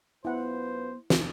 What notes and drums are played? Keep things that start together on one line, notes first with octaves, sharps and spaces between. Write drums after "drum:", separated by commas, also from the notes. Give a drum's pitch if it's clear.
F#2 B3 E4 F4 B4 C5 F#5
drum: snare